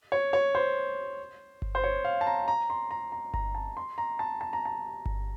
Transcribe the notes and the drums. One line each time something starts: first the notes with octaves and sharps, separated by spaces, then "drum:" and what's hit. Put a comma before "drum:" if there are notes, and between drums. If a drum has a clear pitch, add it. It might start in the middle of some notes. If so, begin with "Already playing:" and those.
C#5
C#5
C5
drum: kick G1
C5
C#5
F5
A5
A#5
A#5
C6
A#5
A#5
A#5, drum: kick G1
A5
C6
A#5
A5
A5
A#5
A5
drum: kick G1